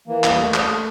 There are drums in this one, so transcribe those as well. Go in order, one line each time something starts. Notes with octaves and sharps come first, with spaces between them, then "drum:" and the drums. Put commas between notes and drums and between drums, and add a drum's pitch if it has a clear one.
E3 A#3
E2, drum: clap
G3
E2 A3
E2, drum: clap